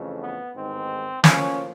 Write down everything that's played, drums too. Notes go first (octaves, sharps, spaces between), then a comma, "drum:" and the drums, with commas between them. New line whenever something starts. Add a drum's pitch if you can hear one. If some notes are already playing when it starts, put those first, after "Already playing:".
Already playing: F2 C#3 E3 A3
B3
A1 G#2 D#3 G#3 B3 C4
A2 F3 A#3 C#4, drum: snare